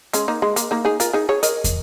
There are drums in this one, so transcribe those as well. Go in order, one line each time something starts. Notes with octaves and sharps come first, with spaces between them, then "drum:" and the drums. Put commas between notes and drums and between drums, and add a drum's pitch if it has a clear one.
G#3 C#4, drum: hi-hat
A#3 D#4
G#3
A#3, drum: hi-hat
A#3 D#4
D#4 G#4
F4 A#4, drum: hi-hat
D#4 G#4
G#4 C#5
A#4 D#5, drum: hi-hat
drum: kick, hi-hat